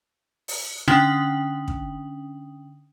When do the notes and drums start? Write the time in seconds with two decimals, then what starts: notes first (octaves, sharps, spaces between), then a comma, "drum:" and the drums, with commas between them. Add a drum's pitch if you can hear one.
0.48 drum: open hi-hat
0.88 D3 C#4 D4 G5 D#6 F#7
1.68 drum: kick